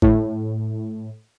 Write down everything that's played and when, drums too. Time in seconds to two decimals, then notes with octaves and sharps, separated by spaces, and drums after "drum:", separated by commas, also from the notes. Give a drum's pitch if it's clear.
0.02 A2, drum: kick